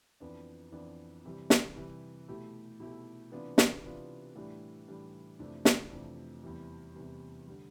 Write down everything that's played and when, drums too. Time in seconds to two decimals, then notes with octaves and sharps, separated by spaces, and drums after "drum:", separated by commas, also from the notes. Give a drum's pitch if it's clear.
0.20 F2 E3 B3 D4
0.72 F2 E3 B3 D4
1.25 C3 E3 G3
1.50 drum: snare
1.76 C3 E3 G3
2.28 B2 A3 E4 G4
2.80 B2 A3 E4 G4
3.32 C3 E3 B3 D4 F4
3.58 drum: snare
3.83 C3 E3 B3 D4 F4
4.35 A2 E3 G3 D4
4.88 A2 E3 G3 D4
5.39 F2 C3 E3 A3 D4
5.65 drum: snare
5.91 F2 C3 E3 A3 D4
6.44 E2 C3 E3 G3
6.95 E2 C3 E3 G3
7.47 D3 G3